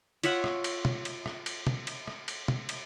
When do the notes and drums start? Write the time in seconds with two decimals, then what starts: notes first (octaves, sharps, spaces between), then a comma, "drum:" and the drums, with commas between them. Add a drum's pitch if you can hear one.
0.23 F4 C#5 E5 F#5, drum: cymbal
0.44 drum: rim click
0.64 drum: cymbal
0.85 drum: tom
1.05 drum: cymbal
1.26 drum: rim click
1.46 drum: cymbal
1.67 drum: tom
1.87 drum: cymbal
2.07 drum: rim click
2.28 drum: cymbal
2.48 drum: tom
2.69 drum: cymbal